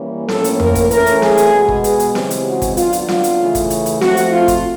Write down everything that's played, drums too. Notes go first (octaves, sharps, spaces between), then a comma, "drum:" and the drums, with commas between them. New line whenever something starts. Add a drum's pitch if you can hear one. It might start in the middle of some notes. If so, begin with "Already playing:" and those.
Already playing: E3 G3 A#3 C#4
A2 F3 A#3 C#4 A4, drum: snare
drum: hi-hat
A#4, drum: tom F2
drum: kick, hi-hat
E3 A3 C#4 A#4, drum: hi-hat
drum: hi-hat
G#4, drum: snare
drum: hi-hat
B2 G#3 B3
drum: kick
G#4, drum: hi-hat
drum: hi-hat
C#3 E3 G#3 C4 G4, drum: snare
drum: hi-hat
F#4
drum: kick, hi-hat
D3 F#3 B3 F4, drum: hi-hat
drum: hi-hat
F4, drum: snare
drum: hi-hat
C#3 E3 A3
drum: kick, hi-hat
drum: hi-hat
drum: hi-hat
F3 A3 C4 F#4, drum: snare
drum: hi-hat
F4
drum: kick, hi-hat